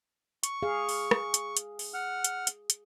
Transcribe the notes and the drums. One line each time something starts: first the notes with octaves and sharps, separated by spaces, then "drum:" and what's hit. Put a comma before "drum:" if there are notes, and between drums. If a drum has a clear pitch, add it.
C#6, drum: hi-hat
G#4 F5
drum: open hi-hat
drum: rim click
drum: hi-hat
drum: hi-hat
drum: open hi-hat
F#5 F6
drum: hi-hat
drum: hi-hat
drum: hi-hat